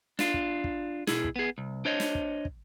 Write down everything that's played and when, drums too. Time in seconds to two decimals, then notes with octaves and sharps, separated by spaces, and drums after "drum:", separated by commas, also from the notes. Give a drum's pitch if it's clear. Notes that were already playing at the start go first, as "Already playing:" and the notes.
0.19 D4 F4, drum: snare
0.34 drum: kick
0.64 drum: kick
1.07 B2 E4 G#4, drum: snare
1.24 drum: kick
1.36 B3 G#4
1.58 C2
1.85 D4 C5 C#5 D#5
2.00 drum: snare
2.15 drum: kick
2.45 drum: kick